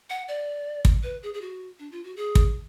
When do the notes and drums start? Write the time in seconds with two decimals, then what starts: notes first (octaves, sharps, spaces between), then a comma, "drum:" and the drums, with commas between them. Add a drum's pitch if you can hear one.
0.10 F#5
0.28 D5
0.85 drum: kick
1.03 B4
1.23 G#4
1.34 G#4
1.41 F#4
1.79 D4
1.92 F4
2.04 F#4
2.17 G#4
2.35 drum: kick